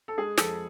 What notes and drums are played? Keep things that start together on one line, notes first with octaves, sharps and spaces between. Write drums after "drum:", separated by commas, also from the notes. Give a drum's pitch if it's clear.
A4
G#3 G#4
F2 A4, drum: snare